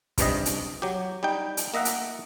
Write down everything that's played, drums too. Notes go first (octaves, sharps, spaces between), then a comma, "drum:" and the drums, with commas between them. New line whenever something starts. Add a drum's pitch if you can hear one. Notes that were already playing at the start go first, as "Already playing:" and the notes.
C#2 G2 C3 D#5, drum: kick, hi-hat
drum: hi-hat
F#3 G4
G3 D#4 G5
drum: hi-hat
A#3 D#5 E5 F#5
drum: hi-hat